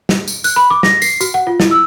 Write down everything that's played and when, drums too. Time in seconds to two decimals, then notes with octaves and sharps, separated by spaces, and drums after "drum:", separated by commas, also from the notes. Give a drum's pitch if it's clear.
0.09 drum: snare
0.28 drum: tambourine
0.44 F#6, drum: tambourine
0.56 B5
0.70 D6
0.83 A#6, drum: snare
1.02 C7, drum: tambourine
1.21 F#4, drum: tambourine
1.34 F#5
1.47 F4
1.60 E4, drum: snare
1.71 E6